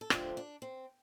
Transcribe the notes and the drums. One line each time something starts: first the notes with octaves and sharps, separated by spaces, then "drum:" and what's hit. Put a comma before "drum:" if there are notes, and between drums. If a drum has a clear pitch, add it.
A4
F2 D3 F3 A3 C4 D4 G4, drum: rim click
D4
C4